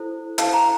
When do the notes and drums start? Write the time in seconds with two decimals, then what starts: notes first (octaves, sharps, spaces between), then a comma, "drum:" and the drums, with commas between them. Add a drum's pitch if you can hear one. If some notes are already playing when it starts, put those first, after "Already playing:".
Already playing: E4 A4 C5
0.38 E4 A4 C5 F5 A5, drum: hi-hat
0.53 G5 A#5